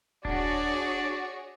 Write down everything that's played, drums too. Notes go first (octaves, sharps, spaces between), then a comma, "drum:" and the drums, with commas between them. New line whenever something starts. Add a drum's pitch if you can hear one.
D4 F#4 G#4 C#5 D5, drum: kick D#1